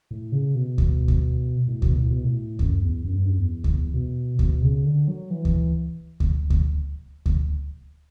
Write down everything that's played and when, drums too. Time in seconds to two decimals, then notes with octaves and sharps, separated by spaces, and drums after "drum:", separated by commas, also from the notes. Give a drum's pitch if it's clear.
0.11 A2
0.32 C#3
0.55 B2
0.78 drum: kick D2
1.08 drum: kick D2
1.68 A2
1.82 B2, drum: kick D2
1.96 A2
2.09 B2
2.24 A2
2.59 F#2, drum: kick D2
2.81 E2
3.05 F#2
3.16 G2
3.26 F#2
3.38 E2
3.64 drum: kick D2
3.94 B2
4.39 B2, drum: kick D2
4.62 C#3
4.85 D3
5.08 F#3
5.30 E3
5.45 drum: kick D2
6.20 drum: kick D2
6.50 drum: kick D2
7.26 drum: kick D2